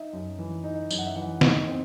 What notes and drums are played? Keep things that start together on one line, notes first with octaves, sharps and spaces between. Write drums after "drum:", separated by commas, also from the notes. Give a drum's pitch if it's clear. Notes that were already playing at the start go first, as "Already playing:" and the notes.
Already playing: D#4 E5
F#2
E3
D#4
F#2, drum: tambourine
F#5
E5
E3 F#5
D#4, drum: snare
C4